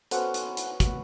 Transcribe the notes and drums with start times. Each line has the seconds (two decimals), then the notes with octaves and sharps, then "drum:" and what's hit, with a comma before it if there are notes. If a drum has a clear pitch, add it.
0.11 B3 C#4 F#4 A4 C5 F#5, drum: hi-hat
0.34 drum: hi-hat
0.57 drum: hi-hat
0.80 drum: kick, hi-hat